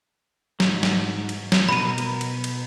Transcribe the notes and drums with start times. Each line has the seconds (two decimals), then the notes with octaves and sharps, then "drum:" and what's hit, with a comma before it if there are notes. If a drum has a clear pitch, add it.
0.60 G#2 F#3, drum: snare
0.83 drum: snare
1.29 drum: cymbal
1.52 drum: snare
1.69 B2 F#4 A#4 B5 D#7
1.98 drum: cymbal
2.21 drum: cymbal
2.44 drum: cymbal